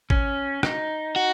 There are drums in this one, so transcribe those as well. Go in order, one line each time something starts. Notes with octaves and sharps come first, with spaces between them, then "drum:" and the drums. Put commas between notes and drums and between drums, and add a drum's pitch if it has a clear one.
C#4, drum: kick G#1
D#4, drum: rim click
F#4